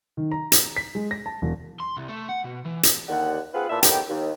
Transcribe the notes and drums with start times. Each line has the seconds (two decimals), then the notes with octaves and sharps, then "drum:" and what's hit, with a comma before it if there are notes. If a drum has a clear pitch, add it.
0.17 D#3
0.31 A#5
0.52 drum: hi-hat
0.77 B6
0.95 G#3
1.11 A#6
1.26 A5
1.42 E1
1.80 C6
1.97 C2
2.09 A3
2.29 F#5
2.45 B2
2.65 E3
2.83 drum: hi-hat
3.09 D#2 D3 F#5
3.54 C4 F4 G#4 B4 F#5
3.70 E2 A#2 E4 E5 A5 E6
3.83 A2 D#3 B3 G4, drum: hi-hat
4.09 D#2